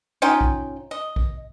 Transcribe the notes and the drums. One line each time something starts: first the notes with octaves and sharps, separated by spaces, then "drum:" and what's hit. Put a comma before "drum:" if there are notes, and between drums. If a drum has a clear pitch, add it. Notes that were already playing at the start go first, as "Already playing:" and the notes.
C#4 D#4 F4 G5
drum: kick A#1
D#5
drum: kick A#1